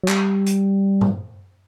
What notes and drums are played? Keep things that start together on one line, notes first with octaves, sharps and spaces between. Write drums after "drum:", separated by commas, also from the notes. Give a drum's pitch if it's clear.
F#3
G3, drum: clap
drum: hi-hat
drum: tom G2